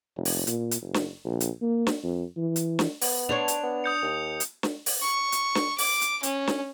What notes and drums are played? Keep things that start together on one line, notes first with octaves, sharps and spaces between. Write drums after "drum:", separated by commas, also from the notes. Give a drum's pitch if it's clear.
F1
drum: open hi-hat
A#2, drum: hi-hat
drum: hi-hat
F#1
drum: snare
A#1
drum: hi-hat
A#3
drum: snare
F2
E3
drum: hi-hat
drum: snare
B3, drum: open hi-hat
D4 C5 C#5 F7
drum: hi-hat
B3
D#6 G6 C#7
D#2
drum: hi-hat
drum: snare
drum: open hi-hat
C#6
drum: hi-hat
drum: snare
D6, drum: open hi-hat
drum: hi-hat
C#4, drum: hi-hat
drum: snare